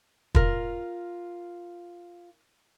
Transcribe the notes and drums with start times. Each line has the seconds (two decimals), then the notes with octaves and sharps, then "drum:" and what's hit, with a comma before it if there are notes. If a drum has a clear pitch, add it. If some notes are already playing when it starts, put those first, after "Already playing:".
0.35 F4 A#4 C6, drum: kick